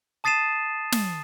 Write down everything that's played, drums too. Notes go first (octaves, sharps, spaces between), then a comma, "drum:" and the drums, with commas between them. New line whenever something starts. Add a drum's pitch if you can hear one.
A5 D#6 A6 C7 D#7 E7
drum: snare